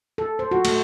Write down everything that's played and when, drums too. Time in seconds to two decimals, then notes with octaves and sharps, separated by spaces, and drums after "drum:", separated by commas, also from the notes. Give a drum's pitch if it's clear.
0.18 A4
0.39 C5
0.51 F#4
0.65 A3, drum: cymbal